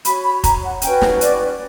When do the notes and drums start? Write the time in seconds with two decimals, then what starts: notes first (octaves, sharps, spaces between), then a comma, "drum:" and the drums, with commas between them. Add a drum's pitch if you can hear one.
0.05 F#4 C#5 B5, drum: hi-hat
0.24 B5
0.44 A#5, drum: kick F1, hi-hat
0.63 F#5
0.82 C#4 F#4 B4 G5, drum: hi-hat
1.01 drum: snare
1.21 D5, drum: hi-hat